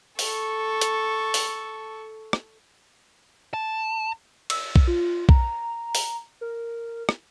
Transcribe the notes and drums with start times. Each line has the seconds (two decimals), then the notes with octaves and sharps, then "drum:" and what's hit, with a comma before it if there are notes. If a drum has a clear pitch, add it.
0.19 A4 C#6, drum: open hi-hat
0.81 drum: hi-hat
1.34 drum: open hi-hat
2.33 drum: rim click
3.54 A5
4.50 E6, drum: cymbal
4.76 drum: kick B1
4.88 F4
5.29 A#5, drum: kick B1
5.95 drum: open hi-hat
6.41 A#4
7.09 drum: rim click